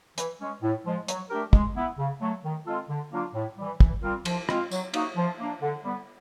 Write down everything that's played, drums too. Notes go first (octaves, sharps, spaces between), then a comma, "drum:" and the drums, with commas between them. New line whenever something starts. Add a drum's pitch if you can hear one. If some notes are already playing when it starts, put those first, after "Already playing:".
E3, drum: hi-hat
G#3 C#4
A2
F3 G#3
F#3, drum: hi-hat
A3 D4 G4 A#4
G#3, drum: kick
B3 E4
C#3
F#3 A3
D#3
G#3 C4 F4 A4
D3
F#3 A#3 D4 F4
A2
E3 G3
E3, drum: kick
G3 C4 F4 A#4
F3, drum: cymbal
G#3 C4 F4, drum: rim click
F#3, drum: tambourine
A#3 D#4 F#4, drum: cymbal
F3
A#3 D4
D3
G3 B3